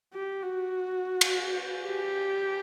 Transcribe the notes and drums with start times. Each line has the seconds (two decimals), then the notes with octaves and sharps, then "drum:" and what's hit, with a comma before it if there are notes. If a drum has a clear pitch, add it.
0.14 G4
0.43 F#4
1.21 drum: cymbal
1.84 G4